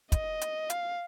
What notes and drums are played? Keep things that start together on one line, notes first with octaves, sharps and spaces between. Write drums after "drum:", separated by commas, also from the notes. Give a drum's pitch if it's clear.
D#5, drum: kick, hi-hat
drum: hi-hat
F5, drum: hi-hat